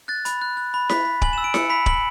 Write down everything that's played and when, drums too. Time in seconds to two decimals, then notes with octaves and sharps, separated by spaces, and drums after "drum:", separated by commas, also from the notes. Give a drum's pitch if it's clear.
0.08 F#6 A6
0.25 B5, drum: hi-hat
0.42 F#6
0.57 F#6
0.74 B5
0.89 B5 B6, drum: snare E4
1.05 B5
1.22 G#5 F#7, drum: kick D1
1.33 E6 E7
1.44 D7
1.54 E6 C#7, drum: snare E4
1.70 B5 B6
1.86 B5 F#7, drum: kick D1